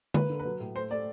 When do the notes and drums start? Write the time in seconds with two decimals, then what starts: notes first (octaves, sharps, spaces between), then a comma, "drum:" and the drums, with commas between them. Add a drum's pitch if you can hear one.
0.14 A#3 B4, drum: tom D3
0.30 D3
0.39 B4
0.45 F#3
0.60 A2
0.75 A3 C5
0.91 A3 D5